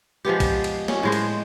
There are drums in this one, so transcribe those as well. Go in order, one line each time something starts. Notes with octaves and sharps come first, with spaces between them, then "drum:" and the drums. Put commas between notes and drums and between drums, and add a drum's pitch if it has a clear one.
F3 G#3 B3 G4
drum: kick, cymbal
drum: cymbal
C#4, drum: snare
A2 G#3 C5
drum: cymbal